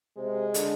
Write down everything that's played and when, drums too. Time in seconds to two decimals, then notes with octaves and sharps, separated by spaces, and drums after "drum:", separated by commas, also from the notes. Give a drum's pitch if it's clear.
0.17 C3 G#3
0.54 D3, drum: hi-hat